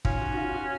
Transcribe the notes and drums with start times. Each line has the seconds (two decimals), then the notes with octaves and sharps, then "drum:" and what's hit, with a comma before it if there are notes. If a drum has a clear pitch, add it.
0.05 C#4 F4, drum: kick
0.21 F#4
0.32 F#4
0.37 F4
0.54 F#4